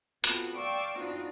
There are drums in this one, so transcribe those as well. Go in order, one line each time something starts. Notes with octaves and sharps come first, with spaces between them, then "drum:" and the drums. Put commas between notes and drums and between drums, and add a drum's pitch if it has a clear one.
B3 C4 F4 F#4 A4 B4, drum: hi-hat
D5 F5 G5 C#6 D6 E6
B3 C4 D4 D#4 F4 F#4